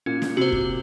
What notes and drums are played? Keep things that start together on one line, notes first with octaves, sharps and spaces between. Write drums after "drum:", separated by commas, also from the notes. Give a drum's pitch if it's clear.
A#2 C#4
drum: snare
C3 F#4 C5
drum: kick